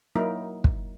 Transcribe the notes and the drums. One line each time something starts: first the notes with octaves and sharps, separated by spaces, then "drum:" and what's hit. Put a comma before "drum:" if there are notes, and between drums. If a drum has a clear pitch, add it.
F#3 A#3 D#4 E4 A#4
drum: kick